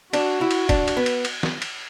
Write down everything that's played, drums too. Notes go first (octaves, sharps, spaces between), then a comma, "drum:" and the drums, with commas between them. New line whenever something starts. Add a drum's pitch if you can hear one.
D4 F#4, drum: cymbal
E4
drum: cymbal
D4, drum: kick, cymbal
drum: cymbal
B3
drum: cymbal
drum: cymbal
drum: snare
drum: cymbal